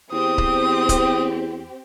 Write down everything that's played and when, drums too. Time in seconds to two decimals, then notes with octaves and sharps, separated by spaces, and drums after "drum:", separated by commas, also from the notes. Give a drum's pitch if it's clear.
0.12 E2 C4 G4 D#6
0.38 drum: kick C#1
0.89 drum: kick C#1, hi-hat